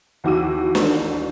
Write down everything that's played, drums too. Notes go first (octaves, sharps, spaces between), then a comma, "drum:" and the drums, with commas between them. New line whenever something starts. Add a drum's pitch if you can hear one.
D#2 E3 F#4 D6 E6 D#7
drum: snare D4